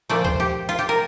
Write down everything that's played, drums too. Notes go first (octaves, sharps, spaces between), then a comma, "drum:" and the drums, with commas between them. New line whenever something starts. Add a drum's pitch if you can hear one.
A#2 F3 A3 D5
C5, drum: kick C#2
G4
F4
G4
A#4